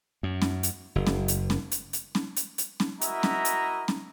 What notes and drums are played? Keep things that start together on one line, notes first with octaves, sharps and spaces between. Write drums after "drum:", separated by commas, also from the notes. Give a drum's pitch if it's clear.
F#2
drum: snare C#4
drum: hi-hat
F#1
drum: snare C#4
drum: hi-hat
drum: snare C#4
drum: hi-hat
drum: hi-hat
drum: snare C#4
drum: hi-hat
drum: hi-hat
drum: snare C#4
E4 F#4 A#4 D#5 E5 A#5, drum: hi-hat
drum: snare C#4
drum: hi-hat
drum: snare C#4